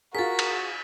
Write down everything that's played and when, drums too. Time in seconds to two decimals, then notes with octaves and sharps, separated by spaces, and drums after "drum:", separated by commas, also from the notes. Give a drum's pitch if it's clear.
0.15 F4 F#4 G#4 A#4 A6 B6
0.39 drum: cymbal